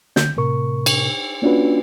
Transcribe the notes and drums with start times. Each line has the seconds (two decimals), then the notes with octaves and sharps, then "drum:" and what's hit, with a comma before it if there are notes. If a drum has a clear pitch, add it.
0.16 D3 G6, drum: snare
0.37 A2 C3 A#4 C#6
0.86 drum: cymbal
1.42 A#3 C#4 D4 F4 F#4 B4